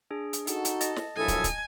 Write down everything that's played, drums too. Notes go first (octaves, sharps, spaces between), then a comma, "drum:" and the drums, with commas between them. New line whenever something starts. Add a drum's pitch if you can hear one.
D4 G#4
drum: hi-hat
D#4 F#4 A4, drum: hi-hat
drum: hi-hat
D#5 A5 A6, drum: hi-hat
drum: snare
A#1 G2 F#3 E4 A4 G#5 D#6
drum: kick, hi-hat
drum: kick, hi-hat